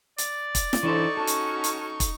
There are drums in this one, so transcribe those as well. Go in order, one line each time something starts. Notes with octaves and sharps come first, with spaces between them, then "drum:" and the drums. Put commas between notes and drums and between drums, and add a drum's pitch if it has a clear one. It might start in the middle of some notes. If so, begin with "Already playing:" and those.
D5, drum: hi-hat
drum: kick, hi-hat
drum: snare
E3 D4 D#4 A4 C5 C#6
C#4 F#4 A4
drum: hi-hat
drum: hi-hat
drum: kick, hi-hat